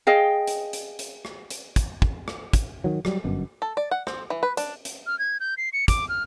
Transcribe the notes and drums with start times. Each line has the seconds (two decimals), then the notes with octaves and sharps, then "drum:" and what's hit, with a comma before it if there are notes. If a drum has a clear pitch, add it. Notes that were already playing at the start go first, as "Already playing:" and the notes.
0.07 G#4 D#5 F5 G5
0.47 drum: hi-hat
0.73 drum: hi-hat
0.99 drum: hi-hat
1.25 drum: rim click
1.50 drum: hi-hat
1.76 drum: kick, hi-hat
2.02 drum: kick
2.28 drum: rim click
2.53 drum: kick, hi-hat
2.84 D#3 F#3
3.05 F#3 G3, drum: rim click
3.24 G1 F#2 B2
3.62 A4
3.77 D5
3.91 F#5
4.07 C4, drum: rim click
4.30 E3
4.43 B4
4.57 D4, drum: hi-hat
4.85 drum: hi-hat
5.07 F6
5.19 G#6
5.40 G6
5.57 C7
5.73 C#7
5.88 D6, drum: kick, hi-hat
6.09 F6